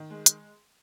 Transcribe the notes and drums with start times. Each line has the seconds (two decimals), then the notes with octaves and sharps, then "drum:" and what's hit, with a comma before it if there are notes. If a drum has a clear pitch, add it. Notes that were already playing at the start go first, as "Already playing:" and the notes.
Already playing: D#3
0.10 G#3
0.26 drum: hi-hat